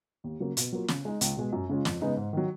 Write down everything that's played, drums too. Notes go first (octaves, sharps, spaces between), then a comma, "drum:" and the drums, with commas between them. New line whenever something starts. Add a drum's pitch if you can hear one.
D#2
C#3 F#3 A#3
B2, drum: hi-hat
F#3 A#3 F4
C#3, drum: snare
G#3 D#4
C#2, drum: hi-hat
B2 G#3
F#2
C#3 G#3 C#4 F4
F2, drum: snare
C#3 G#3 B3 D#4
G#2
D#3 F#3